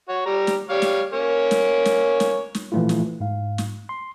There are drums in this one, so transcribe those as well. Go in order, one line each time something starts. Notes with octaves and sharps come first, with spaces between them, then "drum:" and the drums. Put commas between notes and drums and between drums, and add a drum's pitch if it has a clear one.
F#4 C#5
G3 A#5
drum: snare
G3 C#5 F5
drum: snare
A#3 C#4 C#5
drum: snare
drum: snare
drum: snare
drum: snare
A#2 E3 F3 A3 E4 F4
drum: snare
G#2 F5
drum: snare
C6